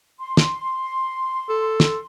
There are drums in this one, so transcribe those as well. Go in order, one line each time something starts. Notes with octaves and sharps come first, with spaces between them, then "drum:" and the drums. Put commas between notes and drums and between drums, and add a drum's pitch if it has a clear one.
C6
drum: snare
A4
drum: snare